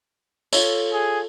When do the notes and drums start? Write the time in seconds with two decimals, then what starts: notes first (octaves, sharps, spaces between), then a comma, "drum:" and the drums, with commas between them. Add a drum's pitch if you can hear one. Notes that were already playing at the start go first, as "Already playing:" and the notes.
0.53 F4 A4 C#5, drum: tambourine
0.93 G#4